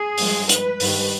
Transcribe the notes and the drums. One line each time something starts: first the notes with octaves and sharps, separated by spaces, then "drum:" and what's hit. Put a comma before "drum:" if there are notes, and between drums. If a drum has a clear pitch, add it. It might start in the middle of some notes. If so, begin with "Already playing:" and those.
Already playing: G#4
G2 F3 G#3, drum: open hi-hat
B4, drum: hi-hat
G2 D#3 G3, drum: open hi-hat